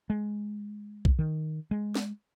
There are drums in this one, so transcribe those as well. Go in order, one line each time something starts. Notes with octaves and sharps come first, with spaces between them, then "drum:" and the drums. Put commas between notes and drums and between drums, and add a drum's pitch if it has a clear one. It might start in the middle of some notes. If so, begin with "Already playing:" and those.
G#3
drum: kick
D#3
G#3
drum: snare